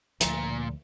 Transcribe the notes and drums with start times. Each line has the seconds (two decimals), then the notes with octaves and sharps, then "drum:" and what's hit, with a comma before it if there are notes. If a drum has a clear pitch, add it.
0.21 D2 A#2 F3, drum: hi-hat